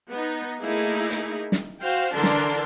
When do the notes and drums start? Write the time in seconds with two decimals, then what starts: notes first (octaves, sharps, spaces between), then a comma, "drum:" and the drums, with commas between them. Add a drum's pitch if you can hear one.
0.12 B3 D#4
0.60 A3 A#3 D#4 E4 G#4
1.11 drum: hi-hat
1.52 drum: snare
1.81 F#4 C5 F5 G5
2.13 D3 E3 D4 A#4 A5 C6
2.23 drum: snare